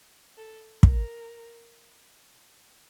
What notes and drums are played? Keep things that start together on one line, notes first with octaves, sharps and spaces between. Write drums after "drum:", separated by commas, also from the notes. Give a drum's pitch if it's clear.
A4
A#4, drum: kick